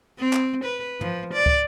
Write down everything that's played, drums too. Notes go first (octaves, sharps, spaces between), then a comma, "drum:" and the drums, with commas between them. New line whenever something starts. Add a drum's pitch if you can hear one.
C4
drum: clap
B4
F3, drum: tom
D5
drum: kick